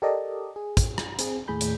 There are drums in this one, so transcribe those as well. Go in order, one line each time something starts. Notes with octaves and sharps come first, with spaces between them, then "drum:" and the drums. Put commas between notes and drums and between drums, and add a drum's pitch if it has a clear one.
G4 A4 A#4 D5 D#5
G#4
drum: kick, hi-hat
drum: rim click
C4 G#4, drum: hi-hat
D#2 A2 G#4 B5 G6
drum: hi-hat